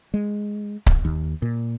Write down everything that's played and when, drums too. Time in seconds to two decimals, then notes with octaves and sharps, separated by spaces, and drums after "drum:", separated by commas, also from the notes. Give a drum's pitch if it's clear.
0.14 G#3
0.86 drum: kick C#1
1.05 D#2
1.42 A#2